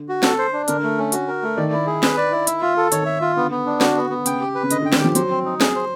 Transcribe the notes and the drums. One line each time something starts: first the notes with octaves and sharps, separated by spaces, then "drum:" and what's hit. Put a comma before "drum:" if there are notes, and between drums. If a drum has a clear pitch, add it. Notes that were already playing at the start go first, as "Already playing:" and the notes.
Already playing: D3
F#4
A4, drum: snare
C5
D4
D3 A#4, drum: hi-hat
A3
C#4
F#4, drum: hi-hat
A#4
A3
D#3 D5
E4
G#4
B4, drum: snare
D5
E4
E5, drum: hi-hat
F4
A4
D#3 C#5, drum: hi-hat
E5
F4
D3 B3
B3
D4
D3 F#4, drum: snare
B3
B3
C#3 G5, drum: hi-hat
G4
B4
C#3
D3 D#5, drum: hi-hat
D3 G5
D#3, drum: snare
F3 G4
F#3 C5, drum: hi-hat
C4
D#4
G#4, drum: snare
C5